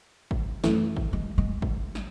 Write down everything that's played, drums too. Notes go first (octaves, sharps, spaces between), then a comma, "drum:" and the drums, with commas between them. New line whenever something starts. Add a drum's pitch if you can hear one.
drum: kick G#1
F#2 E3 A3, drum: snare
drum: kick G#1
G#3
G#3
drum: kick G#1
drum: snare